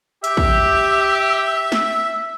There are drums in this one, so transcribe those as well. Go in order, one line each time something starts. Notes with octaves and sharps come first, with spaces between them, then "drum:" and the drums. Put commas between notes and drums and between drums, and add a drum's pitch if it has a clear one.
G4 E5, drum: hi-hat
drum: kick
drum: snare